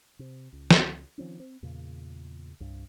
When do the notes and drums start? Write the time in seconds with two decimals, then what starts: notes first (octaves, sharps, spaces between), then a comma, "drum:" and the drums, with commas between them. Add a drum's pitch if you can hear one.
0.19 C3
0.52 C#2
0.71 drum: snare
1.18 D#3 F3 C4 C#4
1.40 C4
1.62 E2 A#2 C#3
2.60 C2 G2